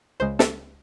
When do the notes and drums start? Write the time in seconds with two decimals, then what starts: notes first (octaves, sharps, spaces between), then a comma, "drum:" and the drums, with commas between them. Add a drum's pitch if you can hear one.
0.20 C#2 C#3 G#3 C5
0.39 A4, drum: snare